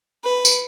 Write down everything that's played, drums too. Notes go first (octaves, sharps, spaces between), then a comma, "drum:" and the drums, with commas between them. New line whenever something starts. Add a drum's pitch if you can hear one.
B4
drum: tambourine